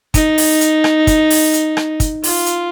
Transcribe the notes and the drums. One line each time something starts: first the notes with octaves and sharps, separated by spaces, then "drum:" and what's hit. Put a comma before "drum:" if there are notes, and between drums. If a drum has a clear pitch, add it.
D#4, drum: kick, hi-hat
drum: open hi-hat
drum: hi-hat
drum: rim click
drum: kick, hi-hat
drum: open hi-hat
drum: hi-hat
drum: rim click
drum: kick, hi-hat
F4, drum: open hi-hat
drum: hi-hat